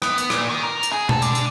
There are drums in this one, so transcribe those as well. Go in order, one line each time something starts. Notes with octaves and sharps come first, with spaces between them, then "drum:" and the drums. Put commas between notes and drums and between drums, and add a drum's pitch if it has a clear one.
B3, drum: rim click
drum: hi-hat
A#2, drum: rim click
D#3
A#4
drum: hi-hat
G#4
A4, drum: tom B2
D3, drum: hi-hat
drum: hi-hat